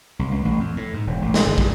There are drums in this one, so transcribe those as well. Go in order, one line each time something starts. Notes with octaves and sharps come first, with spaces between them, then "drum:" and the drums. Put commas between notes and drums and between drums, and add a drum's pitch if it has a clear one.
C2
C#2
A1
F2
A2
G#2
E1
A1
drum: snare
G1
G3, drum: kick